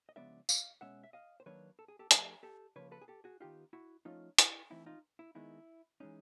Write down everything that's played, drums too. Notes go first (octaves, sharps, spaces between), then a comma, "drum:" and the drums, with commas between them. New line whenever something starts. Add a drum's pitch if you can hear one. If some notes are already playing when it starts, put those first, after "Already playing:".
D#5
C#3 F3 G#3 B3 D4 D5 E5
D#5 F5, drum: tambourine
B2 G#3 C#4 E5 F#5
E5
D#5 F5
C5
D#3 F#3 A#3 D4 B4 C#5
A4
G#4
G4 A4
F3 A3 D4 G4 A4, drum: hi-hat
G4 A4
C#3 F3 A#3 B4 C#5
A4 B4
G#4
G4 A4
F#4 G#4
D#3 G3 B3 D#4 F4 G4
E4 F#4
F3 A3 C#4 D#4 F4
E4, drum: hi-hat
E3 A3 C4 D#4 E4
D#4 F4
E4
D#3 G#3 B3 D#4 E4
E3 G#3 C#4 D#4